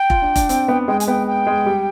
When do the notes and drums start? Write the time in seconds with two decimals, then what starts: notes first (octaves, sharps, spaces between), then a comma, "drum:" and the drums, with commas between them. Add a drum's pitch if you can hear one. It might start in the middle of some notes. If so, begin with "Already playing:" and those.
Already playing: G5
0.10 F4, drum: kick F1
0.22 D4
0.36 D4, drum: kick F1, hi-hat
0.49 C4, drum: hi-hat
0.68 B3
0.87 G#3 G5
1.00 G#5, drum: hi-hat
1.07 B3 G5
1.27 G5
1.47 G#3
1.66 G3